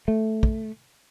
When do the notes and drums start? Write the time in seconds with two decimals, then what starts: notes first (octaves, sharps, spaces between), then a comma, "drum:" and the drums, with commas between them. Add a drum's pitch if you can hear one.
0.08 A3
0.43 drum: kick